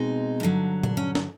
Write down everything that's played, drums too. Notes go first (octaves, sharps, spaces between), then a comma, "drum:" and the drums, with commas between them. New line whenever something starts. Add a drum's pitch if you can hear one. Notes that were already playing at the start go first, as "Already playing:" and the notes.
Already playing: B2 G#3 C4 D#4
G2 D3 F#3
D4, drum: tom A#2
C#4
drum: snare